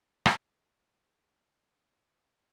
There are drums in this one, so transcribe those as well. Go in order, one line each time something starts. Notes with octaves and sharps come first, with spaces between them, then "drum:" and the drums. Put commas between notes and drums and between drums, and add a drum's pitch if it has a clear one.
drum: rim click
D#3 F#3 G4